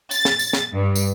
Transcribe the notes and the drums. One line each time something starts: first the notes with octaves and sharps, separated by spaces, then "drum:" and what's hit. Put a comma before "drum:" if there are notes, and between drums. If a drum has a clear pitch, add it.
A6, drum: tambourine
drum: snare
drum: tambourine
drum: snare
G2
drum: tambourine